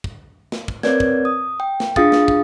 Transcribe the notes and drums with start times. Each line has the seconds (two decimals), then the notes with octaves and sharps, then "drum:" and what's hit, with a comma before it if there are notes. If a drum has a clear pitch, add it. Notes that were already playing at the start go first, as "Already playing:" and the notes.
0.04 drum: kick
0.52 drum: snare
0.68 drum: kick
0.83 C4 A#4 B4 C#5 D5 G#6, drum: snare
1.00 drum: kick
1.25 D#6
1.60 G5
1.80 drum: snare
1.96 D4 F4 G#4 F5 D#6 A6, drum: kick
2.12 drum: snare
2.28 drum: kick